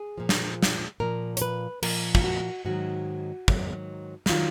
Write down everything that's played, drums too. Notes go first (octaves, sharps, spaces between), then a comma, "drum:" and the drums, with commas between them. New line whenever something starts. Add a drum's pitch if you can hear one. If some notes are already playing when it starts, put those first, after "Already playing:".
Already playing: G#4
A#2 F3
drum: snare
drum: snare
A#2 F3 A#4
C#5, drum: hi-hat
B4
A#2 F3 A#4, drum: cymbal
F4, drum: kick
F#4
G#2 D#3 F#3 F#4
G#2 D#3 F#3, drum: kick
D#4, drum: snare
D#3 F#3 F4